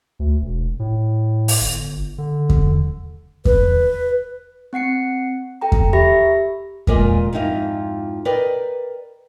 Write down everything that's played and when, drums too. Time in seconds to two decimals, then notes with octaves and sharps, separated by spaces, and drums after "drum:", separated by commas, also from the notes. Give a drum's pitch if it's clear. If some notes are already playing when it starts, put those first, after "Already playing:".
0.19 D2
0.42 E1
0.79 A2
1.48 drum: open hi-hat
1.61 G1
2.18 D3
2.49 drum: kick E2
3.45 B4, drum: kick E2
4.73 C4 F#5 C7 C#7
5.61 A4 G5 A#5
5.72 drum: kick E2
5.93 G4 E5 B5 A#6
6.87 A#2 G#3 F4 A#4 D5 D#5, drum: kick E2
7.33 F2 G#2 F3 D#4 E4 F5
8.25 A#4 B4 D5 D#5 G5